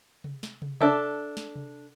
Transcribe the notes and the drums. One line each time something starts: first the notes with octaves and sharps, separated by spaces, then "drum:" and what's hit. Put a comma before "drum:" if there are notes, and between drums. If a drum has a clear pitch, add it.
drum: tom C3
drum: snare
drum: tom
D4 A4 E5, drum: tom C3
drum: snare
drum: tom C3